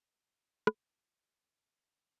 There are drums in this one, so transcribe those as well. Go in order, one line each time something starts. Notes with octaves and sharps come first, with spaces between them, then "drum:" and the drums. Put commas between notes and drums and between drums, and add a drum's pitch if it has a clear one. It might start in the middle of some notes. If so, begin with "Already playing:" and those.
drum: rim click
D2 D#6 F6
C2 F#2 A3 B3 E4
G3 G#3 C5
D3 D#4